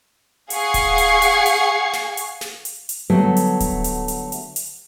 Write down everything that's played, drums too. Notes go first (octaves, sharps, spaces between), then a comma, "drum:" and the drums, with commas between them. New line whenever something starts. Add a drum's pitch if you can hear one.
G#4 F5 F#5 C#6 G#6 C7, drum: hi-hat
drum: kick D1, hi-hat
drum: hi-hat
drum: hi-hat
drum: hi-hat
drum: snare
drum: hi-hat
drum: snare
drum: hi-hat
drum: hi-hat
D3 F#3 G3 A3 B3
drum: hi-hat
drum: kick D1, hi-hat
drum: hi-hat
drum: hi-hat
drum: hi-hat
drum: hi-hat